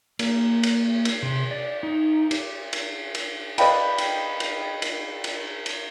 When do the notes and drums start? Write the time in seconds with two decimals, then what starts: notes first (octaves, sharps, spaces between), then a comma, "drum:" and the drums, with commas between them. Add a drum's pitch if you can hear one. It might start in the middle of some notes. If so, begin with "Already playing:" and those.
0.19 A#3, drum: cymbal
0.63 drum: cymbal
1.05 drum: cymbal
1.23 C3
1.51 D5
1.83 D#4
2.31 G4, drum: cymbal
2.73 drum: cymbal
3.15 drum: cymbal
3.58 B4 D5 D#5 F5 G5 B5, drum: cymbal
3.98 drum: cymbal
4.40 drum: cymbal
4.82 drum: cymbal
5.24 drum: cymbal
5.66 drum: cymbal